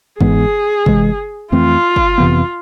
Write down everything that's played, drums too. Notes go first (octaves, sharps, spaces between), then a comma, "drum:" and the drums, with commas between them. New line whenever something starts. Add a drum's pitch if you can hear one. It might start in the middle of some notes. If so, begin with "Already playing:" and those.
G#2 E3 G#3 B3 G#4, drum: kick G1
C3 E3 G#3, drum: kick G1
F2 E3 A3 C4 F4
drum: kick G1
F2 C3 E3 B3